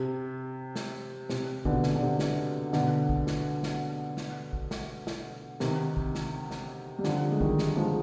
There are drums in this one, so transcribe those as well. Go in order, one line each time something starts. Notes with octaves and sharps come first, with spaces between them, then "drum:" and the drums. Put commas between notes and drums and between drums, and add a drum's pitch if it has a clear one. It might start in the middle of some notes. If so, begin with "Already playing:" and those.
Already playing: C3
drum: snare
C3, drum: snare
B2 D3, drum: kick A1
drum: snare
D3
C3
drum: snare
B2 D3, drum: snare
drum: kick A1
drum: snare
drum: snare
drum: snare
drum: kick A1
drum: snare
drum: snare
C3 D#3, drum: snare
drum: kick A1
drum: snare
drum: snare
G3
D3 F3, drum: snare
G#3
D#3 G3, drum: kick A1
drum: snare
F3 G#3